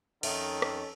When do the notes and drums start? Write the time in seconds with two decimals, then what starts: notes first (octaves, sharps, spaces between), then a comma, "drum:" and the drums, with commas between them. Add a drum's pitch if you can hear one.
0.23 F2 D#3 C#4 D#4 A4 E5, drum: cymbal
0.62 drum: rim click